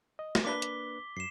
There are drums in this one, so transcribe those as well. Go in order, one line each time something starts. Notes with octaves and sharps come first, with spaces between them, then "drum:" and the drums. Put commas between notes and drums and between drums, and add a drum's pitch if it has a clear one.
D#5
drum: snare
A#3 D4 B4 D6 B6 G7
drum: hi-hat
F#2 C7 E7